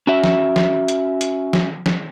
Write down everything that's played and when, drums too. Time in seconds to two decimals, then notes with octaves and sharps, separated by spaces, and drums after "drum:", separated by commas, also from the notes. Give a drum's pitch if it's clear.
0.07 C#4 F#4 E5
0.24 drum: snare
0.56 drum: snare
0.88 drum: hi-hat
1.21 drum: hi-hat
1.53 drum: snare
1.86 drum: snare